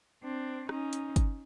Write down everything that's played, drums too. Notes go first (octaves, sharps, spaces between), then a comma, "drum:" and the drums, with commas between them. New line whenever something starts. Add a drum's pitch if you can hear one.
C4 D4
C#4 D#4, drum: rim click
drum: hi-hat
drum: kick, hi-hat